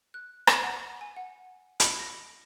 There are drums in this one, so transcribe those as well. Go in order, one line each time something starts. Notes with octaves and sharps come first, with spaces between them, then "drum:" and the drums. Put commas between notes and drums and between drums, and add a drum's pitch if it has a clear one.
F#6
A#5, drum: rim click
F#5
G#5
F#5
B5, drum: hi-hat
A#6